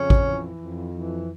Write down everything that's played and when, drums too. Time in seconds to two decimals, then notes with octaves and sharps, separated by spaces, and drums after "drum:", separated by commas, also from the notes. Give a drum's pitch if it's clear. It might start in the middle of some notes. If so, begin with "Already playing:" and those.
Already playing: F2 C#3 C#4
0.10 drum: kick A1
0.25 E3
0.60 F2
0.94 E3